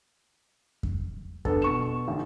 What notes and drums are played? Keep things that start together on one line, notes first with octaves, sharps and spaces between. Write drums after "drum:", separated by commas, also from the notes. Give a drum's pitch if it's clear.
drum: kick F2
B3 D4 A4, drum: kick F2
B2 C#6 E7
A1 D#3